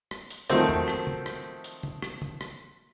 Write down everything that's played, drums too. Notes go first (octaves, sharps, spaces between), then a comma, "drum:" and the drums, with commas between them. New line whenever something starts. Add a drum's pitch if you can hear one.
drum: rim click
drum: hi-hat
D#3 F3 F#3 A3 C4, drum: hi-hat
drum: tom
drum: rim click
drum: tom
drum: rim click
drum: hi-hat
drum: tom
drum: rim click
drum: tom
drum: rim click